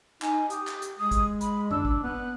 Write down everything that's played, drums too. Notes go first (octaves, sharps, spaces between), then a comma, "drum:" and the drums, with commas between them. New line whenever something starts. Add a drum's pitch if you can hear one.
D#4 G#5, drum: clap
G4 D#6, drum: hi-hat
drum: clap
drum: hi-hat
G#3 D#6
drum: kick, hi-hat
B5, drum: hi-hat
D4 E6, drum: tom F#2
drum: kick
B3 F#6